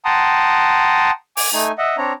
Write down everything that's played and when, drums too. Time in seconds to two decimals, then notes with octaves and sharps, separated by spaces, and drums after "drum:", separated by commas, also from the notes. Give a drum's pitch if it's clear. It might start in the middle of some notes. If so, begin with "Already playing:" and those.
0.05 F#5 G5 A5 A#5 C6 D#6
1.37 G#5 D6, drum: open hi-hat
1.53 A3 D#4 G#5
1.78 D#5 E5 F#5
1.98 C4 D4 C#5 A#5